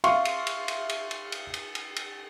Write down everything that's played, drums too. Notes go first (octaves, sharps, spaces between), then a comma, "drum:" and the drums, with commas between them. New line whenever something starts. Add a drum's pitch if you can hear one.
E5 F5 C6 C#6, drum: cymbal
drum: cymbal
drum: cymbal
drum: cymbal
drum: cymbal
drum: cymbal
drum: cymbal
drum: cymbal
drum: cymbal
drum: cymbal